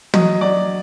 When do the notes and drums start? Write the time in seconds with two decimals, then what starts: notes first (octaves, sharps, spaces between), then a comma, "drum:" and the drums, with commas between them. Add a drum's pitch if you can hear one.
0.14 F#3 D#5, drum: tom
0.41 F#3 D5